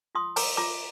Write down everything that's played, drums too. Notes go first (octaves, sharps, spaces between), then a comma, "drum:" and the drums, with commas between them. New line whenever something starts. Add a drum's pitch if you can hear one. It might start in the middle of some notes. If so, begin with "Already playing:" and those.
F4 C6 D#6
A#4 A#5 D6, drum: open hi-hat
F4 A#5 D6